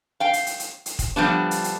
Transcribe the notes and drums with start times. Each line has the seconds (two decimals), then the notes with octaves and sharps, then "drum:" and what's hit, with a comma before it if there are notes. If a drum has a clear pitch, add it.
0.20 F5 G5
0.33 drum: hi-hat
0.46 drum: hi-hat
0.60 drum: hi-hat
0.86 drum: hi-hat
0.99 drum: kick, hi-hat
1.16 D3 F3 G3 B3 D4
1.51 drum: hi-hat
1.64 drum: hi-hat